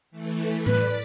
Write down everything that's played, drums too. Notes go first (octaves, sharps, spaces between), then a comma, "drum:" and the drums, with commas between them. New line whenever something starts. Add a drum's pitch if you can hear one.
E3 A3
B4 D5 B6, drum: tom A2